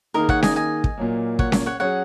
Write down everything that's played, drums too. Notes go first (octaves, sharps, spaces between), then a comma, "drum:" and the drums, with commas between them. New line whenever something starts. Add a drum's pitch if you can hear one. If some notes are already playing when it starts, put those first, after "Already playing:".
D#3 A#3 D#4 G#4 A#4 D#5
C#5 F#5, drum: kick
D#5 G#5, drum: snare C#4
D#5 G#5
drum: kick
A#2 F#3 A#3
C#5 F#5, drum: kick
C#5, drum: snare C#4
C#5 F#5
F#3 C#4 G#4 C#5 F#5